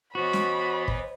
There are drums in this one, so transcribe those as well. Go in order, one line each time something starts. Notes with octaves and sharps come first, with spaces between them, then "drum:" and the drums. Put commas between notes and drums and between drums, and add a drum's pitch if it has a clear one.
E3 B3 F#4 C5 C#5 D#5 B5
drum: snare
drum: kick